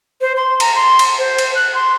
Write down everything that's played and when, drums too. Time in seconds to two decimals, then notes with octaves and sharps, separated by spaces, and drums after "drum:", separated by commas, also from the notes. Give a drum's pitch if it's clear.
0.21 C5
0.36 C6
0.60 A#5, drum: cymbal
0.76 C6
0.99 drum: cymbal
1.19 C5
1.38 drum: cymbal
1.55 F#6
1.75 C6